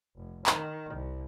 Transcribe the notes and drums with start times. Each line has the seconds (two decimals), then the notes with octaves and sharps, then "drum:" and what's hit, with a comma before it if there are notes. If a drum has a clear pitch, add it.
0.16 F1
0.46 D#3, drum: clap
0.94 C2